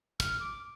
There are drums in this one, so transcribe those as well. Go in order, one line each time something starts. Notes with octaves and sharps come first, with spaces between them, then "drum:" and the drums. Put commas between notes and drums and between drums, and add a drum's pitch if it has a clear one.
F6, drum: kick, hi-hat
D6